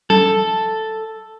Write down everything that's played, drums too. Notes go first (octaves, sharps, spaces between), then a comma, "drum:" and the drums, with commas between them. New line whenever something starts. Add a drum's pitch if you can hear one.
A4, drum: tom F#3